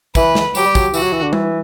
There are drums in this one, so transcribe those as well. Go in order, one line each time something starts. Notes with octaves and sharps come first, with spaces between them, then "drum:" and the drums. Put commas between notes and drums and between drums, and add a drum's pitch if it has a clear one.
E3 B4, drum: kick, tambourine
drum: snare
F#3 G4, drum: tambourine
G3
F#3, drum: kick, tambourine
E3 F#4, drum: tambourine
F#3
E3
D3
E3, drum: tom G3